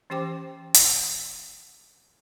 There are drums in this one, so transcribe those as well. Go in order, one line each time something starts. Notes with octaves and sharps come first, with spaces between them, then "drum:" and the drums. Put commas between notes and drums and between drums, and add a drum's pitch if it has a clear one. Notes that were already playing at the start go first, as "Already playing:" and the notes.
E3 C#4 G4 C5 G5 D6
drum: hi-hat